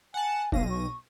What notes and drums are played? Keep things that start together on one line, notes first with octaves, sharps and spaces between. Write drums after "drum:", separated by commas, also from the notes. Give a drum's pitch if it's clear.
F#5 G#5 A5
B1 F5 A#6 D#7, drum: kick E1
C#6